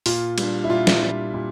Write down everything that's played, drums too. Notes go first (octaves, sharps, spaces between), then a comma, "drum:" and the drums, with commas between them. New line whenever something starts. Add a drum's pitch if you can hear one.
A#2 F4, drum: open hi-hat
G3 D4, drum: cymbal
E4
A#2 F4
drum: snare
G3 D4 F4
A#2